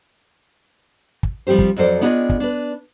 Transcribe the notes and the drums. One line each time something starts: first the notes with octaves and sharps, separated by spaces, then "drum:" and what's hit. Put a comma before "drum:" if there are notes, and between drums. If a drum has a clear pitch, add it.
drum: kick
F3 G3 C4 G4 C5
drum: kick
F2 F#3 A4 C5 D5
B3 D4 E4 F4 G#4 D#5
drum: kick
D4 B4